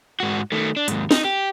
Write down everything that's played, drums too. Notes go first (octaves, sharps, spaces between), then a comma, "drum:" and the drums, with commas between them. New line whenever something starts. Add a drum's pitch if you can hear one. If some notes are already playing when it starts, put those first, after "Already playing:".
G#2 F#4
D#3 A3
D4
D#2 G#2, drum: hi-hat
D#4, drum: snare
G4